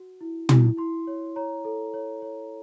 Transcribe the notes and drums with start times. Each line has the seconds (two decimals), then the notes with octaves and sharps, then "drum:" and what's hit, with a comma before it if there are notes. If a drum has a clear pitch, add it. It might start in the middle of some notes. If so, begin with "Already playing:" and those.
Already playing: F#4
0.21 E4
0.49 E4, drum: tom
0.78 E4 C6
1.07 C#5
1.36 C#5 A#5
1.65 A4
1.94 C#5
2.22 C#5